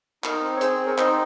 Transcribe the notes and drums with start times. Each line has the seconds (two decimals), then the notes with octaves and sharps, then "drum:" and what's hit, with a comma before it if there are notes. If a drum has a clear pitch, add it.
0.24 D#4 A#4, drum: clap
0.43 C4
0.56 C#5
0.61 G#4 C5, drum: hi-hat
0.80 C4
0.86 A#4 C#5
0.98 D#4 C5 D#5, drum: clap